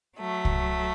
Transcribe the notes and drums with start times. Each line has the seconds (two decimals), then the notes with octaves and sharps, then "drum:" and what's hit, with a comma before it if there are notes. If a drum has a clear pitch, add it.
0.18 F#3 A3
0.45 drum: kick C2